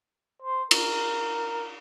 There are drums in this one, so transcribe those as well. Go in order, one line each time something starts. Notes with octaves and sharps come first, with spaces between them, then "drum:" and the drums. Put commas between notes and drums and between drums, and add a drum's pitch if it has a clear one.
C5
A#4, drum: cymbal